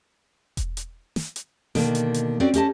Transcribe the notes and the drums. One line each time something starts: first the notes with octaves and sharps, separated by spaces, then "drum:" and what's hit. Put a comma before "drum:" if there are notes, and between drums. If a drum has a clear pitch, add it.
drum: kick E1, hi-hat
drum: hi-hat
drum: snare
drum: hi-hat
B2 D3 D#3 A#3, drum: snare
drum: hi-hat
drum: hi-hat
C4 C#4 F#4 D5
C#4 G4 D#5 A5, drum: hi-hat